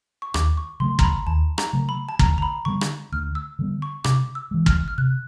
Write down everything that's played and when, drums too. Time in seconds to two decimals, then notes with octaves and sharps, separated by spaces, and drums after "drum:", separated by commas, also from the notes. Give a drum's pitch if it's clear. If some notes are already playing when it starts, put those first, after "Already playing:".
0.22 C#6
0.34 D#2 D6, drum: rim click
0.57 C#6
0.80 C#3 F#3 A3 C6
0.99 A#5, drum: kick
1.04 B5
1.27 D#2 A5
1.58 A#5, drum: rim click
1.73 C#3 F#3 A3
1.89 B5
2.09 A5
2.19 D2 A#5, drum: kick
2.38 A#5
2.42 B5
2.65 D3 G3 B3 C#6
2.81 drum: rim click
3.12 D2 F6
3.35 E6
3.59 D3 G3 B3
3.82 C#6
4.04 C3 D6, drum: rim click
4.35 E6
4.51 E3 G#3
4.66 F6, drum: kick
4.88 F6
4.98 C3 F#6